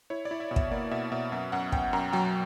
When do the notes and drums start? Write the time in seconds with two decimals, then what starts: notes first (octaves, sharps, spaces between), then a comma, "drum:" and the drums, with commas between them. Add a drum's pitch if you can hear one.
0.10 E4 C#5
0.25 D5
0.31 E4
0.40 E5
0.51 B2
0.56 E5, drum: kick
0.71 A#3 D5
0.91 B2 E5
1.12 B2 E5
1.32 F#2 E5
1.52 F#2 F#5
1.72 F#2 G5, drum: kick
1.93 F#2 A#5
2.13 F#3 G5